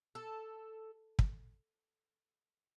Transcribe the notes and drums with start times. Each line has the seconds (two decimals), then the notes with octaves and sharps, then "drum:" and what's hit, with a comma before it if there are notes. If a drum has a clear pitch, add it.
0.15 A4
1.19 drum: kick